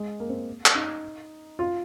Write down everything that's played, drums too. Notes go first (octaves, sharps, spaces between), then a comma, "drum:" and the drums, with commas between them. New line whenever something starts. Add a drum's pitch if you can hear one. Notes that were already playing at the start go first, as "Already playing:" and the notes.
Already playing: G#3
A#3
C4
drum: clap
D#4
F4